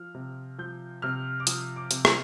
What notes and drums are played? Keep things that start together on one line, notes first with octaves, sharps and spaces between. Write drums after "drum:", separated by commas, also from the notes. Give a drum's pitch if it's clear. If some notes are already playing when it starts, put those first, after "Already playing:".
Already playing: F3 F6
C3
F3 G6
C3 F6
D6
F3 D#6, drum: hi-hat
D6
C3, drum: hi-hat
C6, drum: rim click